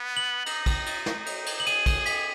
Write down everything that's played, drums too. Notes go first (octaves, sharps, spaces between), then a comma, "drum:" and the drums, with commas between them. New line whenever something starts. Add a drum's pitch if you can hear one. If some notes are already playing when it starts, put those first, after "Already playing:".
Already playing: B3
F#7
D#4, drum: cymbal
drum: kick, cymbal
drum: cymbal
drum: snare
drum: cymbal
drum: cymbal
F#7
G#4 D#7, drum: cymbal
drum: kick, cymbal
B6, drum: cymbal